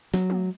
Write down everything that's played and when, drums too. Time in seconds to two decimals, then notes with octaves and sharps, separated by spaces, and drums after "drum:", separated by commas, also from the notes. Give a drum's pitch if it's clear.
0.14 F#3, drum: snare
0.30 drum: tom